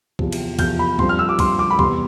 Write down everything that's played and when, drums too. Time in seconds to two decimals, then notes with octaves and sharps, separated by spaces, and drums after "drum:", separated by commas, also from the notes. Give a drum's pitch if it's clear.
0.19 E2 C3 F3, drum: kick
0.33 drum: cymbal
0.59 E2 C3 F3 G6, drum: kick, cymbal
0.79 B5
0.99 G2 F3 C4 C6, drum: kick
1.09 F6
1.19 E6
1.29 D6
1.39 G2 F3 C4 C6, drum: kick, cymbal
1.59 D6
1.70 B5
1.79 E2 C3 G3 B3 C6, drum: kick